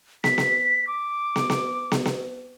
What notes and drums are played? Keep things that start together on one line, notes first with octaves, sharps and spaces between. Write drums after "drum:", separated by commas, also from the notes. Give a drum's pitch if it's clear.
B6, drum: snare
drum: snare
D6
drum: snare
drum: snare
drum: snare
drum: snare